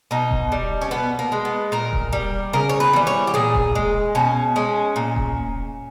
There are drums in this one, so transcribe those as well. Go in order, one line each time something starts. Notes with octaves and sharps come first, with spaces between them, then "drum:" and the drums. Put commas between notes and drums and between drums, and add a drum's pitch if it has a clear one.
B2 D#4
drum: kick D#1
G3
C#4
B2 B3
A#3
G#3
B3
A#2 A#4
drum: kick D#1
G3
C#3 A#4
C#5
B4
E3 G3, drum: tom A#3
C#5
G4
A#2 G#4
drum: kick D#1
G#3
B2 C#4
G#3 C#4
A#2
drum: kick D#1